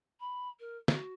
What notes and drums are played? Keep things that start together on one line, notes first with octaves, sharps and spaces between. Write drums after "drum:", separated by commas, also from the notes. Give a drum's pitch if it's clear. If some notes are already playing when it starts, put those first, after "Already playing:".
B5
A#4
F#4, drum: snare